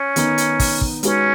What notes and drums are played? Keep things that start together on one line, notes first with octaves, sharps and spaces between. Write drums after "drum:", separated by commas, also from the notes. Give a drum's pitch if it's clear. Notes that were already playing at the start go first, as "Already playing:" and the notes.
Already playing: C#4
D#3 B3 D#4, drum: hi-hat
drum: hi-hat
drum: kick, open hi-hat
drum: kick
G#3 C#4 D#4 F#4 B4, drum: hi-hat